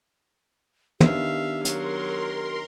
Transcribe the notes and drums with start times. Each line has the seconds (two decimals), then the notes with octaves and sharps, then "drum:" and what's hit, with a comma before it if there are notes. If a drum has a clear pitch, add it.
1.00 D#3 B3 D4 G4 E5 F5, drum: tom
1.65 F#3 A#4 C6, drum: hi-hat